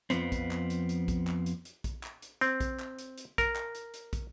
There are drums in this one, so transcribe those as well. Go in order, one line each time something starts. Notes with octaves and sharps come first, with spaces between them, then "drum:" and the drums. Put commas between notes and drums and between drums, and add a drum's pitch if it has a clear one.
F2 F3 B3 C4, drum: hi-hat
drum: kick, hi-hat
drum: clap
drum: hi-hat
drum: hi-hat
drum: kick, hi-hat
drum: clap
drum: hi-hat
drum: hi-hat
drum: kick, hi-hat
drum: clap
drum: hi-hat
C4, drum: hi-hat
drum: kick, hi-hat
drum: clap
drum: hi-hat
drum: hi-hat
A#4, drum: kick, hi-hat
drum: clap
drum: hi-hat
drum: hi-hat
drum: kick, hi-hat